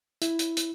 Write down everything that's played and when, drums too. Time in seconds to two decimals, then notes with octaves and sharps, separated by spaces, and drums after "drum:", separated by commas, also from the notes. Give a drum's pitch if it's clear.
0.22 E4, drum: hi-hat
0.39 drum: hi-hat
0.57 drum: hi-hat